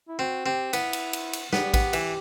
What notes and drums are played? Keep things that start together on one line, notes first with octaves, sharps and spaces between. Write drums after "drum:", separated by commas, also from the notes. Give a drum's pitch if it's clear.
E4
C4 F#4
C4 G4
B3 E4, drum: cymbal
drum: cymbal
drum: cymbal
drum: cymbal
B3 G4, drum: snare
B3, drum: kick A1, cymbal
E3, drum: cymbal